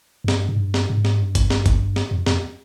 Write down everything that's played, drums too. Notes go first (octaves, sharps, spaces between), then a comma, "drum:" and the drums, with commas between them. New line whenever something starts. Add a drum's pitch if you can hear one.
F2
G2, drum: snare
G#2
G2
drum: snare
G#2
drum: snare
G2
drum: kick G1, hi-hat
drum: snare
drum: kick G1, hi-hat
drum: snare
F2
F2, drum: snare